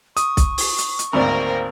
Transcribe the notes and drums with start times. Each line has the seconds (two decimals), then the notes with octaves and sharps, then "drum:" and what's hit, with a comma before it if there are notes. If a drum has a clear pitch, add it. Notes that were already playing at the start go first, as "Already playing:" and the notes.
0.17 C#6 D#6, drum: hi-hat
0.37 drum: kick B1, hi-hat
0.58 drum: open hi-hat
0.78 drum: hi-hat
0.99 drum: hi-hat
1.13 G#1 D2 A#3 C4 A#4 D5